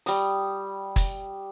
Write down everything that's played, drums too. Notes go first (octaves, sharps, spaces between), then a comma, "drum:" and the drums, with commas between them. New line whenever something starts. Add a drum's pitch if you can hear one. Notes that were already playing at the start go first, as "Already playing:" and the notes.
G3 D#6, drum: hi-hat
drum: kick, hi-hat